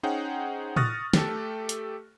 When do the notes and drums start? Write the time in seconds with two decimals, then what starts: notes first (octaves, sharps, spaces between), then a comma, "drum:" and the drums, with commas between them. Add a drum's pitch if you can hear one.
0.03 C#4 D#4 G#4 C5 F#5 G5
0.76 C#6 D#6 F6 F#6 A6 A#6, drum: tom A2
1.14 A3 G4 A4, drum: snare
1.69 drum: hi-hat